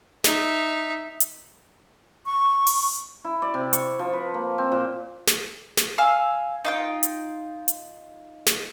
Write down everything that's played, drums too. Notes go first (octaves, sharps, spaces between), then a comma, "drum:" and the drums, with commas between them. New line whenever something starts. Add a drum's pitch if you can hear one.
D#4 E5, drum: snare
drum: hi-hat
C#6
drum: open hi-hat
E4
D5
C3
C#6, drum: hi-hat
F3
B4
A#3
C4
A#2
drum: snare
drum: snare
F5 G#5 E6
D#4 F4 G5
drum: hi-hat
drum: hi-hat
drum: snare